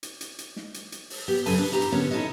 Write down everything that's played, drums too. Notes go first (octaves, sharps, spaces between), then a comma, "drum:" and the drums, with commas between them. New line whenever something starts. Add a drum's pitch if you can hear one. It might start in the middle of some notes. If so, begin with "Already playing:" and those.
drum: hi-hat
drum: hi-hat
drum: hi-hat
drum: snare
drum: hi-hat
drum: hi-hat
drum: open hi-hat
B3 G4
F#2 C#3 A4 B4 G#5, drum: open hi-hat
D4 B4
E4 G4 A#5
drum: hi-hat
A#2 D3 B3 C#4 C#5
D#4 E4 G#4 A4 C#5 D#5